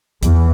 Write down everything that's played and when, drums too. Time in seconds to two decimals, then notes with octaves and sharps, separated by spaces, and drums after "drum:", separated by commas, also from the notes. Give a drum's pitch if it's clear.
0.23 E2, drum: kick, hi-hat